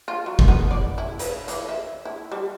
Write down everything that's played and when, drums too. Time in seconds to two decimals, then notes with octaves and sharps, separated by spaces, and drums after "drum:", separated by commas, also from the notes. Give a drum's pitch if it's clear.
0.08 F4
0.26 F#3
0.39 drum: kick
0.48 B3
0.71 D5
0.98 E4
1.19 B4, drum: hi-hat
1.48 E3, drum: hi-hat
1.69 E5
2.05 E4
2.32 G3